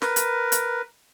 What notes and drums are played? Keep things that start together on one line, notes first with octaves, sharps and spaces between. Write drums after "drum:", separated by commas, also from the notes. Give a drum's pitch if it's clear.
A#4 B4, drum: snare
drum: hi-hat
drum: hi-hat